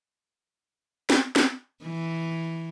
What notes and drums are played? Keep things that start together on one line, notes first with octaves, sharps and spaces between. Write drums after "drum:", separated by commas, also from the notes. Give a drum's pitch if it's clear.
drum: snare
drum: snare
E3